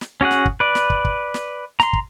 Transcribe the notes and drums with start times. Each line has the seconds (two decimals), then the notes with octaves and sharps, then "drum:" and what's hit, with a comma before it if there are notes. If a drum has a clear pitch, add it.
0.01 drum: snare
0.21 C#4 F#4 G#4 F#5
0.31 drum: snare
0.45 drum: kick
0.60 B4 D5
0.75 drum: snare
0.90 drum: kick
1.05 drum: kick
1.34 drum: snare
1.80 A#5 C6, drum: snare
1.93 drum: kick